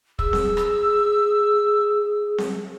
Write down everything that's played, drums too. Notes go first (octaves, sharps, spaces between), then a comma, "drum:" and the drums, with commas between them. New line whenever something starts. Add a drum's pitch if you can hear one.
G#4 E6, drum: kick
drum: snare C4
drum: rim click
drum: snare C4